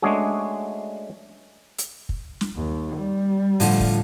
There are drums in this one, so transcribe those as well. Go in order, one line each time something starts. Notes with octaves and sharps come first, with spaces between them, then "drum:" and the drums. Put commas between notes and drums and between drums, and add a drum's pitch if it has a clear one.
G#3 A3 C#4 D4 F#4 G#4
drum: hi-hat
drum: kick
drum: snare
D#2
G3
A2 D3 F3, drum: open hi-hat
drum: kick